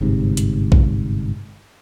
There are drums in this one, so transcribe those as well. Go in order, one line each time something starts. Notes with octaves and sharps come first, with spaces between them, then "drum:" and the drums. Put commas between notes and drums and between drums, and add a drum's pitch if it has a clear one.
G1 G#2 C3
drum: hi-hat
drum: kick A#1